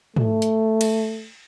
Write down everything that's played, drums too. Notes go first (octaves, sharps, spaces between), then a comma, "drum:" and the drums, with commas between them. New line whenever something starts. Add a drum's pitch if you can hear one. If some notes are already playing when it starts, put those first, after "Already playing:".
A3, drum: tom G#2
drum: hi-hat
drum: cymbal